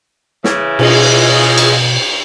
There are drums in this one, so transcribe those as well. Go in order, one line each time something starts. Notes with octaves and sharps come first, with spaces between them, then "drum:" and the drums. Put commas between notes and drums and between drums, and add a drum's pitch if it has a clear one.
C#3 E3, drum: snare
B2 F4 G#4 D#5, drum: cymbal
drum: cymbal